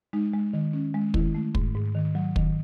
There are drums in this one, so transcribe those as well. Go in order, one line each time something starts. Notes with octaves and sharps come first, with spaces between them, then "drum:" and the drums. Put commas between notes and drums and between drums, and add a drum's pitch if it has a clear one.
G#3 D#4
G#3
D#3
C#4
G#3
D#3 E4, drum: kick
A3
G#2, drum: kick
G#2
D#3
F#3
D#3, drum: kick